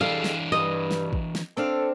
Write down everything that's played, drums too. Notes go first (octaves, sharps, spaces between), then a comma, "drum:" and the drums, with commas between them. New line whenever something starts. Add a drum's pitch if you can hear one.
E3 G3 G#3 D4 A4 F5
drum: snare
G2 D#5
drum: snare
drum: kick
drum: snare
C4 D4 A4 F5